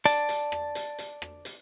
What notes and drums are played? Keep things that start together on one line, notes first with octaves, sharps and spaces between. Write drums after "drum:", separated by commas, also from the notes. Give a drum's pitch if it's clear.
D5 A5, drum: hi-hat
drum: hi-hat
drum: rim click
drum: hi-hat
drum: hi-hat
drum: rim click
drum: hi-hat